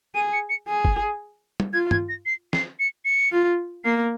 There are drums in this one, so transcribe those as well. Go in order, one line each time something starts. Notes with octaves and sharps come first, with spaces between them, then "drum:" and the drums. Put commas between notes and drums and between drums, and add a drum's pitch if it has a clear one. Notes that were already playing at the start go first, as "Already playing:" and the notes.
G#4 D#7
C#7
C#7
G#4
drum: kick
drum: tom
F4 G#6
G#6, drum: tom
A#6
C7
C7, drum: snare
C#7
C#7
F4
A#3 C7